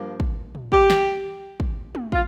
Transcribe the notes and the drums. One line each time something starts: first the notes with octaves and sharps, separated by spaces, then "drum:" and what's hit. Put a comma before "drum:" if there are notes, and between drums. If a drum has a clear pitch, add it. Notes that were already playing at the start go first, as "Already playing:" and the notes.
Already playing: G2 F3 A#3
drum: kick
drum: tom
G4, drum: kick
drum: snare
drum: kick
drum: tom
F4, drum: kick